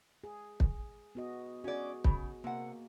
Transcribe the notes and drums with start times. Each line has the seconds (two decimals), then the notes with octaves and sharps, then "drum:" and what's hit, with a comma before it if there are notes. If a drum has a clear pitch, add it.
0.24 G#4
0.60 drum: kick
1.15 B3 F#4 D#5
1.64 C#4 F#4 G#4 D5
2.04 C#3, drum: kick
2.44 C3 A#3 F#5